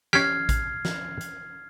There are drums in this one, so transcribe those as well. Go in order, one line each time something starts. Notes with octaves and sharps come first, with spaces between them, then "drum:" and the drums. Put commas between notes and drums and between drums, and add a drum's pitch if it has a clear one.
C#4 G4 F6 G#6 C7, drum: snare
drum: kick A1, hi-hat
drum: snare
drum: hi-hat